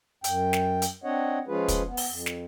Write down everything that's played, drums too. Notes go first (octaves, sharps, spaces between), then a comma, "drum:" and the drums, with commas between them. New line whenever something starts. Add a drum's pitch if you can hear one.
F#2 G5, drum: hi-hat
drum: snare
drum: hi-hat
C4 D4 C#5 D#5 F#5
F3 G#3 C#4 F4 G#4 B4
drum: kick, hi-hat
B3
drum: open hi-hat
F2
drum: snare